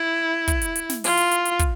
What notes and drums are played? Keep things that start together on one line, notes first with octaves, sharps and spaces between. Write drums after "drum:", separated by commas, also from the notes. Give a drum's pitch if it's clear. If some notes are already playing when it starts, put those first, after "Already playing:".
Already playing: E4
drum: kick, hi-hat
drum: hi-hat
drum: hi-hat
drum: snare
F4, drum: open hi-hat
drum: hi-hat
drum: hi-hat
drum: hi-hat
drum: kick, hi-hat